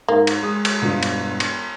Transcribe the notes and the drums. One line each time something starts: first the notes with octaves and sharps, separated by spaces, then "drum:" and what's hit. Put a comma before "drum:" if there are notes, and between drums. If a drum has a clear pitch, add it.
G#2 A#3
drum: cymbal
G#3 D#6
drum: cymbal
E1 G2 F4
drum: cymbal
drum: cymbal